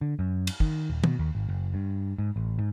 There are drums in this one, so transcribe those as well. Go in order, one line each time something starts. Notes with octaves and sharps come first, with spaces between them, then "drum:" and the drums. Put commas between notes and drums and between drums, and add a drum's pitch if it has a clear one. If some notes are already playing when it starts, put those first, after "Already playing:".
D3
F#2
drum: cymbal
D#3, drum: kick
D#1
B2, drum: tom
D#2
G#1
F#1
G2
G#2
A1
G#2